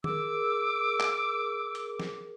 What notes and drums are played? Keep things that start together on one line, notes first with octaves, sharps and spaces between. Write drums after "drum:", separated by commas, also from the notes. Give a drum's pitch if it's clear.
G#4 A#4 D6 E6, drum: tom D#3
drum: clap
drum: hi-hat
drum: snare